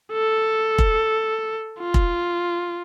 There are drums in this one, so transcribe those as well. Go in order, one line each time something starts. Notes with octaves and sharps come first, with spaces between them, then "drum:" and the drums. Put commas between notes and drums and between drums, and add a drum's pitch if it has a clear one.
A4
drum: kick
F4
drum: kick